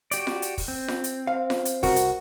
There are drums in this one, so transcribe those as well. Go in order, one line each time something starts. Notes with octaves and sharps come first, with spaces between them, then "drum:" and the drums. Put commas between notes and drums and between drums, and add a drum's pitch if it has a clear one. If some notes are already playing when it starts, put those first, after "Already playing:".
F#4 G4 D5, drum: hi-hat
drum: snare F4
drum: hi-hat
drum: kick, open hi-hat
C4
drum: snare F4
drum: hi-hat
C5 F5
drum: snare F4
drum: hi-hat
C2 F#4 A#4, drum: kick, open hi-hat
drum: hi-hat